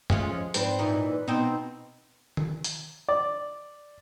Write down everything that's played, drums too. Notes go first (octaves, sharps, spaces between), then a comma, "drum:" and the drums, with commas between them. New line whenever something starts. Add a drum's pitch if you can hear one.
G#3 A3 C#4 F4, drum: tom
F3
G#2 C4 D4 B4, drum: hi-hat
A#2 E3 D#4
B4
B2 B3 C4 D#4
drum: tom
drum: hi-hat
D5